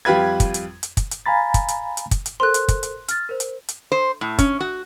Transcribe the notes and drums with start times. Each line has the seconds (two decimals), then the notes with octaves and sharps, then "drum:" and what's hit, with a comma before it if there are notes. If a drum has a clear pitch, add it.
0.05 F2 G3 F4 G4 B4 G#6
0.40 drum: kick, hi-hat
0.54 drum: hi-hat
0.83 drum: hi-hat
0.97 drum: kick, hi-hat
1.11 drum: hi-hat
1.26 F5 G#5 A#5 B5 A6
1.54 drum: kick, hi-hat
1.68 drum: hi-hat
1.97 drum: hi-hat
2.11 drum: kick, hi-hat
2.26 drum: hi-hat
2.40 A4 A#4 C5 C6 F#6
2.54 drum: hi-hat
2.68 drum: kick, hi-hat
2.83 drum: hi-hat
3.08 F6 A6, drum: hi-hat
3.29 A#4 C5
3.40 drum: hi-hat
3.68 drum: hi-hat
3.92 C5
4.21 A2
4.39 C#4, drum: kick, hi-hat
4.61 F#4